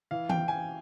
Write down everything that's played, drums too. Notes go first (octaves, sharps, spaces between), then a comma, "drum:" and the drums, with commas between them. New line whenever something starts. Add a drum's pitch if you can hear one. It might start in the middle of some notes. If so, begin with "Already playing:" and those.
E3 F5
G5, drum: tom E3
E3
G#5